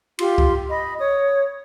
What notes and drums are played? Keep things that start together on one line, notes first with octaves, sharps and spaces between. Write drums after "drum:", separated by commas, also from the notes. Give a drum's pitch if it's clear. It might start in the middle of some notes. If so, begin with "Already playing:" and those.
F4 G4 C6, drum: cymbal
drum: kick C#2
D#5 B5
C#5 D#6